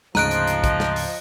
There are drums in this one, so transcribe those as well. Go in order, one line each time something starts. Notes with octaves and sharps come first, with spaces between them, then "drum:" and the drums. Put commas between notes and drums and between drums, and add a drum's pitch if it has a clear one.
D2 G#2 C#3 F3 D#5 A#5 F#6 D7, drum: snare
drum: hi-hat
drum: hi-hat
drum: kick, hi-hat
drum: snare
drum: open hi-hat